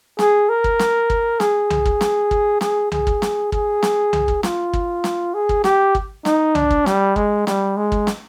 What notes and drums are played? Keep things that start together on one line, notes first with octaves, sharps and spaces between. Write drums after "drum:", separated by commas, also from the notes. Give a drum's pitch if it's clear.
G#4, drum: snare
A#4
drum: kick
drum: snare
drum: kick
G#4, drum: snare
drum: tom C2
drum: kick
drum: snare
drum: kick
G#4, drum: snare
G#4, drum: tom C2
drum: kick
drum: snare
G#4, drum: kick
drum: snare
drum: tom C2
drum: kick
F4, drum: snare
drum: kick
drum: snare
G#4
drum: kick
G4, drum: snare
drum: kick
D#4, drum: snare
D4, drum: tom C2
drum: kick
G3, drum: snare
G#3, drum: kick
G3, drum: snare
G#3
drum: kick
drum: snare